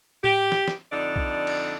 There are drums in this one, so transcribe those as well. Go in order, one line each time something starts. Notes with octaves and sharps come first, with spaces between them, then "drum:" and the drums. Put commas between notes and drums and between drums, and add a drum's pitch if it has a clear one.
G4, drum: tom A2
drum: snare
drum: snare
F2 D3 D4 D#4 D5
drum: kick B1
drum: cymbal